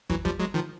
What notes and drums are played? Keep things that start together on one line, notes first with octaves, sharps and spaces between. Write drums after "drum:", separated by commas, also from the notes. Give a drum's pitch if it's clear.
E3 F#3, drum: kick
F3 G3, drum: kick
F#3 G#3
D#3 F3